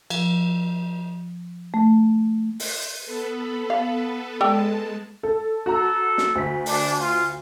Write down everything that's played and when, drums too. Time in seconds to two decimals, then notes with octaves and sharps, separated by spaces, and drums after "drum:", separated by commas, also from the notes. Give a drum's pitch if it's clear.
0.10 F3, drum: cymbal
1.74 A3
2.60 drum: open hi-hat
3.05 B3 A4 B4
3.70 F5
4.41 G#3 A4 D5 G5 A5
5.23 A4
5.66 F#4 A4 A#5
6.18 drum: snare
6.35 D2 B6
6.66 D4, drum: open hi-hat
6.99 F4